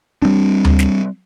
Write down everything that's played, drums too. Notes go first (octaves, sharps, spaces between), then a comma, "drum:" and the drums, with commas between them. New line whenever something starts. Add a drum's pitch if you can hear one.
G3 C4 D4
drum: tom D2
drum: snare